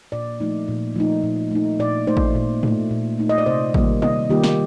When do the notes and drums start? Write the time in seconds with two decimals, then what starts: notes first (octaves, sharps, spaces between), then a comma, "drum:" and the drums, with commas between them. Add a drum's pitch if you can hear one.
0.12 A#2 D5
0.40 F3 A3 D#4
0.68 A#2
0.96 F3 A3 D#4
1.24 A#2
1.51 A3 D#4
1.79 A#2 D5
2.07 A3 D#4 C5
2.17 drum: kick A1
2.35 A#2
2.63 A3 D#4, drum: tom G#2
2.91 A#2
3.19 A3 D#4
3.29 D#5
3.38 D5
3.46 C3 C5
3.74 D#3 G3 A#3 F4, drum: kick A1
4.02 C3 D#5, drum: tom
4.30 D#3 G3 A#3 F4 G4
4.44 drum: snare